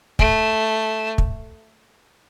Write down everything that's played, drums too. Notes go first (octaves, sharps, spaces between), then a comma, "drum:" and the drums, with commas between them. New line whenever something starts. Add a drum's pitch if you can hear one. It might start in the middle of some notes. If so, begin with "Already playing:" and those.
A3, drum: kick
drum: kick